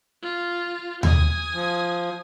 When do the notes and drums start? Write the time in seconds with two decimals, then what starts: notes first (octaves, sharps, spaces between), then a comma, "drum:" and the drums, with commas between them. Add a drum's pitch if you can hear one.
0.22 F4
1.03 G#5 D#6, drum: tom D#2
1.54 F3